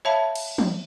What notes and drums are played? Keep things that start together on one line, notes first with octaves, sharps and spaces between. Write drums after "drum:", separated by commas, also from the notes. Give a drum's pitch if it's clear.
C#5 E5 F5 A5 B5
drum: cymbal
drum: tom